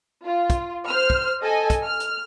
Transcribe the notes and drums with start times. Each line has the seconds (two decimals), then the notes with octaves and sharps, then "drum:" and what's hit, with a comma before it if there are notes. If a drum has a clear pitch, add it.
0.24 F4
0.50 drum: kick, hi-hat
0.88 C5 F6
1.10 drum: kick
1.41 A4 D#5 G#5
1.70 drum: kick, hi-hat
1.85 F6
2.00 drum: hi-hat